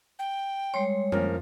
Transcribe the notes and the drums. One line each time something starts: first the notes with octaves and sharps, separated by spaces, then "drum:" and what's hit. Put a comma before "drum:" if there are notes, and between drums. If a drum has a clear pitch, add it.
G5
G3 G#3 C#5 C6
F3 A#3 C#4 A#4, drum: tom F2